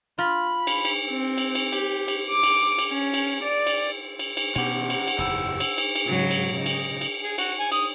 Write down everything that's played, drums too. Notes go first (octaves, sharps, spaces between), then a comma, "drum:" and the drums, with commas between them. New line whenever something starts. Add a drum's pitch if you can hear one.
F4 B5
drum: cymbal
drum: cymbal
C4
drum: cymbal
drum: cymbal
G4, drum: cymbal
drum: cymbal
D6
drum: cymbal
drum: cymbal
C#4
drum: cymbal
D5
drum: cymbal
drum: cymbal
drum: cymbal
B2 B3 C#4 G4 F#5, drum: cymbal
drum: cymbal
drum: cymbal
F#1 E2 A2 E4 G4 A4 E6
drum: cymbal
drum: cymbal
drum: cymbal
G#2 C#3 F#3
drum: cymbal
C#3 D#4
drum: cymbal
drum: cymbal
G#4
F#4, drum: cymbal
G#5
D#6, drum: cymbal